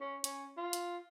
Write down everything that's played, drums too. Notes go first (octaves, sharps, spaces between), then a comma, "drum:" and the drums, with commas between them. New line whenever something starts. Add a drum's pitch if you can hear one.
C#4
C#4, drum: hi-hat
F4
drum: hi-hat